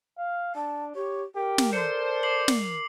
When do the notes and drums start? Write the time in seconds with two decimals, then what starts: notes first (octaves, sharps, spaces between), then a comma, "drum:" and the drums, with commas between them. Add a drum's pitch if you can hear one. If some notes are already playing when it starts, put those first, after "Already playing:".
0.18 F5
0.55 D4 A5
0.95 G4 C#5
1.35 G4 A#4
1.58 drum: snare
1.73 A4 C5 D5 C#7
2.23 D6 C7 F#7
2.48 drum: snare